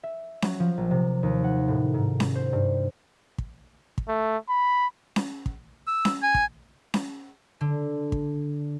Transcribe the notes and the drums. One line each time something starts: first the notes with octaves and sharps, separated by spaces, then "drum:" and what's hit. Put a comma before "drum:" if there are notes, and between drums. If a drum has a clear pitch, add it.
E5
F#3, drum: snare C#4
F3
A#1
C3
D#2
F#5
A2
G#2
drum: snare C#4
C5
G2
drum: kick
drum: kick
A3
B5
drum: snare C#4
drum: kick
E6
drum: snare C#4
G#5
drum: kick
drum: snare C#4
D3
drum: kick